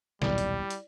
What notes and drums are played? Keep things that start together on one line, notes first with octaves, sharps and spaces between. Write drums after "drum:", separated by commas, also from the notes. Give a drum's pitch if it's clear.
D#1 B1 G3 E4 D5, drum: snare
drum: hi-hat
drum: hi-hat